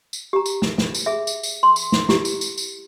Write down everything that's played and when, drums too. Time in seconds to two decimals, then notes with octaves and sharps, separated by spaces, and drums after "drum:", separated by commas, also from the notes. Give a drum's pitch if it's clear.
0.13 drum: tambourine
0.33 G4 A#5
0.46 drum: tambourine
0.62 drum: snare
0.78 drum: snare
0.95 drum: tambourine
1.06 G#4 E5
1.27 drum: tambourine
1.43 drum: tambourine
1.63 C6
1.76 drum: tambourine
1.92 drum: snare
2.09 E4 G4, drum: snare
2.25 drum: tambourine
2.41 drum: tambourine
2.57 drum: tambourine